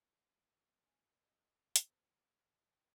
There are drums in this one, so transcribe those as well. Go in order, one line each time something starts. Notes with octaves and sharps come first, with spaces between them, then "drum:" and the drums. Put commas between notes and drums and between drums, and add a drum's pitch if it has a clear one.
G#5
D#4
F5
C4, drum: hi-hat
E3
G5